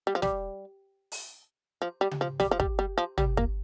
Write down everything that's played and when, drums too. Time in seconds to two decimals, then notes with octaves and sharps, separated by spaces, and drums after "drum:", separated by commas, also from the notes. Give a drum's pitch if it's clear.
0.07 G3
0.15 F3
0.22 G3, drum: snare
1.12 drum: open hi-hat
1.82 F3
2.01 G3
2.11 drum: tom C#3
2.21 F3
2.40 G3, drum: snare
2.51 F3
2.60 G3, drum: kick
2.79 G3
2.98 F3
3.18 G3, drum: tom
3.37 A#3, drum: kick